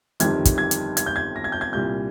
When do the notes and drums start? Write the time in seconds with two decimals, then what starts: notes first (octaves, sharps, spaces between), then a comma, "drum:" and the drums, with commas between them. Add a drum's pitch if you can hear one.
0.20 G1 F2 D#3 G3 G#6, drum: hi-hat
0.45 drum: kick, hi-hat
0.58 G#6
0.71 drum: hi-hat
0.97 G#6, drum: hi-hat
1.06 G6
1.16 G#6
1.36 A#6
1.44 G#6
1.52 G6
1.61 G#6
1.73 C2 A#2 G3 G6